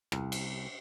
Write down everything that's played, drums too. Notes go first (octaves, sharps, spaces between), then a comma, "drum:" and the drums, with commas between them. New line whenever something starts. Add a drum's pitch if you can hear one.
C2, drum: rim click
drum: cymbal